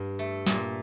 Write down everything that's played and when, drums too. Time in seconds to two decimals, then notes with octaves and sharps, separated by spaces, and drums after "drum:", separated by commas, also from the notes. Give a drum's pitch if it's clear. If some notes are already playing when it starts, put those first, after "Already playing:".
Already playing: G2 F5
0.19 A3
0.47 A#2, drum: snare